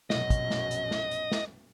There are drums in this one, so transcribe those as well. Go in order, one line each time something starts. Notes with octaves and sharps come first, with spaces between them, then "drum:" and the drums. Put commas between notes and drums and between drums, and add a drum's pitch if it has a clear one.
A#1 F#2 B2 D#5, drum: snare
drum: kick, hi-hat
drum: snare
drum: hi-hat
drum: snare
drum: hi-hat
drum: snare